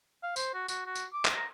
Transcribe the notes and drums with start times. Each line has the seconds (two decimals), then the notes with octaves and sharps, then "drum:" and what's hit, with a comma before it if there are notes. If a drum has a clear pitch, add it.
0.23 F5
0.36 C5, drum: tambourine
0.54 F#4
0.68 F#4, drum: tambourine
0.86 F#4
0.95 drum: tambourine
1.13 D6
1.25 drum: clap
1.36 A#5